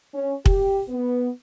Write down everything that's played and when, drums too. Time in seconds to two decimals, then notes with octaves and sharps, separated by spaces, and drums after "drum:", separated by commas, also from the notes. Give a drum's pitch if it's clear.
0.14 C#4
0.46 G4, drum: kick
0.89 B3